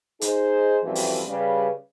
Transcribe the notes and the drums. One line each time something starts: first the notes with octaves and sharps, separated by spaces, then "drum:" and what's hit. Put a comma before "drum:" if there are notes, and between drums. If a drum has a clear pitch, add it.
D#4 G#4 C5, drum: hi-hat
F#2 A2 E3 F3 G3 C4
drum: open hi-hat
C#3 G3 B4